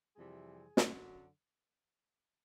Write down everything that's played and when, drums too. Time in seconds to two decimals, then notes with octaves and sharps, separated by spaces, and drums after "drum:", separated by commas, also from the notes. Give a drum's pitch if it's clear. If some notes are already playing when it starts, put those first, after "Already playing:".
0.16 F2 C3 E3 G3 G#4
0.77 F#2 D3 F#3, drum: snare